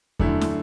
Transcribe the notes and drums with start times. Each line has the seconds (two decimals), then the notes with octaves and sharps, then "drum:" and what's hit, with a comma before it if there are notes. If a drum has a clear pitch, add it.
0.19 F#2 D3 A3 E4, drum: kick E2
0.41 drum: snare